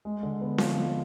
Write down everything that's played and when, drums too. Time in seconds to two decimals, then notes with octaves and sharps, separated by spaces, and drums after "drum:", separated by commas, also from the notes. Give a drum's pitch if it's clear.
0.05 G#3
0.23 D3
0.41 B3
0.58 F3, drum: snare C4
0.77 G#3